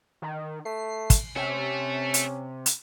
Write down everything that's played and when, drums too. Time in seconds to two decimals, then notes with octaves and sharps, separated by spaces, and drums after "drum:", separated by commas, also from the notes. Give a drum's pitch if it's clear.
0.22 D#3
0.65 A3 C7
1.10 drum: kick, hi-hat
1.36 C3 C#4 A4 E5
2.14 drum: hi-hat
2.66 drum: hi-hat